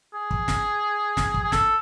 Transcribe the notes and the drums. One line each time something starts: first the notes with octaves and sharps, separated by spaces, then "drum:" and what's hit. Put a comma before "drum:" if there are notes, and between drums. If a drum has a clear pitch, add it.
G#4
drum: kick
drum: snare
drum: snare
drum: kick
G#4
A4, drum: snare